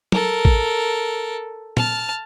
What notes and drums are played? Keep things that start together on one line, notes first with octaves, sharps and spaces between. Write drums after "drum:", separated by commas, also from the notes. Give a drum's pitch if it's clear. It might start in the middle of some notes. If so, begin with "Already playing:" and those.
A4 A#4, drum: tom
drum: kick
A5 F6, drum: tom